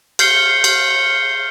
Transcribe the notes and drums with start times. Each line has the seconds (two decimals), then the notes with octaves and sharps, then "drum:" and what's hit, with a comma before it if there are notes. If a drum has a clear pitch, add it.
0.19 F6 G6 C7 C#7 G7, drum: cymbal
0.64 drum: cymbal